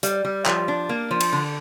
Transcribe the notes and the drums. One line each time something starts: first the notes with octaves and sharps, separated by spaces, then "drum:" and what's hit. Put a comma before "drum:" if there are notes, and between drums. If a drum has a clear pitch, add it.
G3, drum: hi-hat
G3
F3, drum: clap
D4
A#3
F3
drum: cymbal
D3